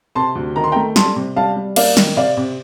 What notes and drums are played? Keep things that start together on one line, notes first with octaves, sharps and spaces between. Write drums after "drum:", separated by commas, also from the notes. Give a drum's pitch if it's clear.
C3 A5 C6
D2
D#3 A#5
C6
G5 A#5
A3
G3 A5 C6, drum: snare
C3
G3 F5 A5
G3
A#3 D5 F5, drum: cymbal
D#3, drum: snare
C3 D5 F5
C3